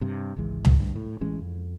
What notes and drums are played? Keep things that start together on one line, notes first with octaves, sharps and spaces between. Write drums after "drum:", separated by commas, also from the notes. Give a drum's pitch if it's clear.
G2 C3
G#1 C#2 E3 G#3
drum: tom C#2
D2 G2
A2
A1 E3 G#3 C#4
F2